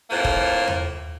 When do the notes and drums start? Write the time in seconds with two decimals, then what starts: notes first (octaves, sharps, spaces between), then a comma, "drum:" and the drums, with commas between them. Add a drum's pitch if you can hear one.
0.10 F2 A2 A#3
0.25 drum: kick
0.68 drum: tom E2